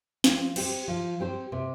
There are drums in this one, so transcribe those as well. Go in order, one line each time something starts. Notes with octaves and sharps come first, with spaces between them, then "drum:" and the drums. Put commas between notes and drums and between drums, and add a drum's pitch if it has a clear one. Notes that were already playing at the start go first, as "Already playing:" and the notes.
F3, drum: snare
C4 G4 C5, drum: cymbal
F3
C4 G4 C5
C3